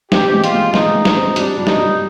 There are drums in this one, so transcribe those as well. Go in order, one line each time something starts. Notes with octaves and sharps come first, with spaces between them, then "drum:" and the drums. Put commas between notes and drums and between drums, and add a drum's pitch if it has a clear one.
C4 G4, drum: snare
G#3
F4, drum: hi-hat
G#3
G#3 D#4, drum: snare
G#3
drum: snare
C4
G3 D4, drum: hi-hat
G3
D#4, drum: snare
G3